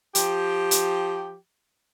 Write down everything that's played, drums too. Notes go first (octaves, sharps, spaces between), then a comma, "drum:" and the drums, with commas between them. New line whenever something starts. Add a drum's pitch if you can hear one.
F3 G4, drum: hi-hat
drum: hi-hat